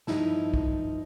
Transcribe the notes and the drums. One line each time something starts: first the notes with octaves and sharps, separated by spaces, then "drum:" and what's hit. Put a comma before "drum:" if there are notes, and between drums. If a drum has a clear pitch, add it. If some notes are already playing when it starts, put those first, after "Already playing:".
G2 F3 D#4 E4 A5, drum: snare
drum: kick B1